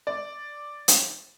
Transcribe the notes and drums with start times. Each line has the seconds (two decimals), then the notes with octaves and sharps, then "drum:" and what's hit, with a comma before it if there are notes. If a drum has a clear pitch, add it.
0.07 D5
0.88 drum: hi-hat